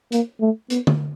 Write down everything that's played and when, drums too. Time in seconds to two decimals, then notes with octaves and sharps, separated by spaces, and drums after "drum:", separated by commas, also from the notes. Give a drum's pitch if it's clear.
0.12 A#3, drum: hi-hat
0.41 A3
0.70 B3, drum: hi-hat
0.87 drum: tom